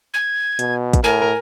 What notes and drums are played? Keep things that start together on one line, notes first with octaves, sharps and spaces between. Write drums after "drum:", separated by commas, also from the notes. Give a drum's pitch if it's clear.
G#6
B2, drum: hi-hat
drum: kick, hi-hat
A2 A#4 G#5